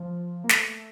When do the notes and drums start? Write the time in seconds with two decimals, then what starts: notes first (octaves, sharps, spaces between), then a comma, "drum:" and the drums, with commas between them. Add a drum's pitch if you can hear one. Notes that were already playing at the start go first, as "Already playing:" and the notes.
Already playing: F3
0.44 A#3
0.49 A3, drum: snare